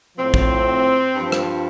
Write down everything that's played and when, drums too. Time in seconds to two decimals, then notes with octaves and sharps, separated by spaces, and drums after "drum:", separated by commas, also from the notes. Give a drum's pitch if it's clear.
0.17 A2 F3 C4
0.34 drum: kick
1.16 G2 F3
1.32 drum: rim click